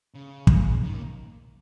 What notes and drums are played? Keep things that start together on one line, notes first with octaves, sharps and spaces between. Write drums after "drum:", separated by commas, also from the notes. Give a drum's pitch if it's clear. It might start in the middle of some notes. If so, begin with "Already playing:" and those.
C#3
drum: kick
D#3
A#3